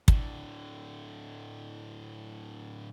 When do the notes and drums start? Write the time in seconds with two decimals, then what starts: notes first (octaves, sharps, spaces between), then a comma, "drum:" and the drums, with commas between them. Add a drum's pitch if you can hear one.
0.08 A2 D3, drum: kick